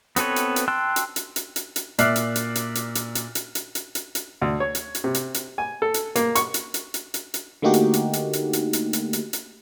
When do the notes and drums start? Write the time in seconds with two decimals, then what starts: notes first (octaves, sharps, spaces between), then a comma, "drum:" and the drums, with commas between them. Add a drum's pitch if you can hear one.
0.16 B3 C4 A4 B4 C#5, drum: hi-hat
0.36 drum: hi-hat
0.56 drum: hi-hat
0.68 G5 A5 C6 E6 F#6
0.96 drum: hi-hat
1.16 drum: hi-hat
1.36 drum: hi-hat
1.56 drum: hi-hat
1.76 drum: hi-hat
1.99 A#2 D5 E5 F6 F#6 C7, drum: hi-hat
2.16 drum: hi-hat
2.36 drum: hi-hat
2.55 drum: hi-hat
2.75 drum: hi-hat
2.95 drum: hi-hat
3.15 drum: hi-hat
3.35 drum: hi-hat
3.55 drum: hi-hat
3.75 drum: hi-hat
3.95 drum: hi-hat
4.15 drum: hi-hat
4.42 D2
4.60 C#5
4.75 drum: hi-hat
4.95 drum: hi-hat
5.04 C3
5.15 drum: hi-hat
5.34 drum: hi-hat
5.58 G#5
5.82 A4
5.94 drum: hi-hat
6.16 A#3, drum: hi-hat
6.35 C#6, drum: hi-hat
6.54 drum: hi-hat
6.74 drum: hi-hat
6.94 drum: hi-hat
7.14 drum: hi-hat
7.34 drum: hi-hat
7.62 D3 A3 A#3 D#4 F#4 G4
7.74 drum: hi-hat
7.93 drum: hi-hat
8.13 drum: hi-hat
8.33 drum: hi-hat
8.53 drum: hi-hat
8.73 drum: hi-hat
8.93 drum: hi-hat
9.13 drum: hi-hat
9.33 drum: hi-hat